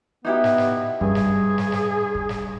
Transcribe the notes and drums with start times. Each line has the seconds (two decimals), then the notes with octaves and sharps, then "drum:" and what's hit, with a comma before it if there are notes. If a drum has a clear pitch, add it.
0.25 B3 D#4 E4 G4
0.44 drum: snare
0.58 drum: snare
1.01 G2 G#4, drum: kick
1.15 drum: snare
1.58 drum: snare
1.72 drum: snare
2.15 drum: kick
2.29 drum: snare